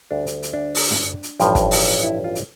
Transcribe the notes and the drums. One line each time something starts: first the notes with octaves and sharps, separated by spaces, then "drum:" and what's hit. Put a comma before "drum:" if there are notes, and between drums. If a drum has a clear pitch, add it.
D2 D3 G3 D4
drum: hi-hat
drum: hi-hat
D4
drum: open hi-hat
drum: tom
drum: hi-hat
A1 G2 F3, drum: hi-hat
drum: kick, hi-hat
drum: open hi-hat
E4
F4
drum: hi-hat